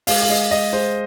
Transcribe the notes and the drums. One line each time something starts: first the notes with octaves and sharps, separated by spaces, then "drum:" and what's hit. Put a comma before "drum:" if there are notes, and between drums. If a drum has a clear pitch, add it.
G#3 F5, drum: open hi-hat
F5
G#3 D#5
G#3 D#5
G#3 C5